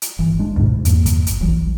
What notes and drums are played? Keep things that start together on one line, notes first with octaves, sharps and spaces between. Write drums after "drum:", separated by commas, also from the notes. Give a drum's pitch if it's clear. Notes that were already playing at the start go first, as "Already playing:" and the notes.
drum: hi-hat
G1 E3
G#3 D4
D2 G#2 B2
E2 G2 A#3, drum: hi-hat
drum: kick, hi-hat
drum: hi-hat
D#1 A#1 E3 F#3